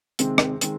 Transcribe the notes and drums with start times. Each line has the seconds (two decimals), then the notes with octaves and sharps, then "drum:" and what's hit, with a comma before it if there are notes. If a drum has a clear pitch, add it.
0.19 C3 D#3 G#3 C4, drum: hi-hat
0.38 drum: rim click
0.61 D#3 G#3 C4, drum: hi-hat